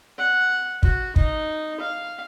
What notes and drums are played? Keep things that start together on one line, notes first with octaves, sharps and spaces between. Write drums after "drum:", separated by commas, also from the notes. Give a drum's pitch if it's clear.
F#5
F#4, drum: kick
D#4, drum: kick
F5